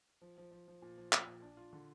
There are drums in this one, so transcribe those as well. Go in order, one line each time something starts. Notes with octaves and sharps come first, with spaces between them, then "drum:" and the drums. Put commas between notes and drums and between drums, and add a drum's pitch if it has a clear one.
F3
F3
F3
F3
A#2
F3
F3, drum: clap
A#2
D4
F4
D3